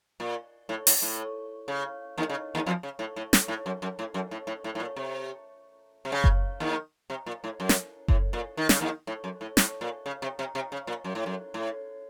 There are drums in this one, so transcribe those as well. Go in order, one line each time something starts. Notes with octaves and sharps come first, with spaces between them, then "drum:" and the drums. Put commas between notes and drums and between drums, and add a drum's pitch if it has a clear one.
A#2
A2
A2, drum: open hi-hat
A2
C#3
D#2 D#3
C#3
D#2 D#3
F2 F3
C#3
A2
A2
A2, drum: snare
A2
F#2
F#2
A2
F#2
A2
A2
A2
A2
A#2
C3
C3
C#3
drum: kick F#1
D#2 D#3
C3
A#2
A2
F#2
drum: snare
A2, drum: kick F#1
A#2
D#3
C#3, drum: snare
D#2 D#3
A2
F#2
A2
A2, drum: snare
A#2
C#3
C3
C3
C3
C#3
A#2
F#2
A2
F#2
A2